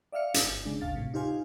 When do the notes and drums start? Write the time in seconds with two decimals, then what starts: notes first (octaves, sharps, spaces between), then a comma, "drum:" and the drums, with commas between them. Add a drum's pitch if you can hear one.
0.12 D5 E5 F5 F6 C#7
0.34 drum: hi-hat
0.43 G1
0.65 C#3 G#3 D4
0.81 G#1 D2 F5 A6
0.96 A2 C3
1.14 D#4 F4 G4 C5 F5 G#5